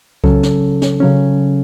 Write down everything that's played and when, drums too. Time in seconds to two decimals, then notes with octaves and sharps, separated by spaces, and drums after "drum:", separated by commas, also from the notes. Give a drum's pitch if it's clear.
0.24 C#3 F#3 C#4 A4, drum: kick C2
0.43 drum: snare
0.82 drum: snare
1.00 C#3 F#3 C#4